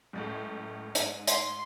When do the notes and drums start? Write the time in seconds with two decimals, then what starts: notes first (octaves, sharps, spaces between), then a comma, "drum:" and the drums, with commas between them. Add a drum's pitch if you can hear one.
0.13 F#1 C#2 A2
0.95 G#2, drum: hi-hat
1.27 C6, drum: hi-hat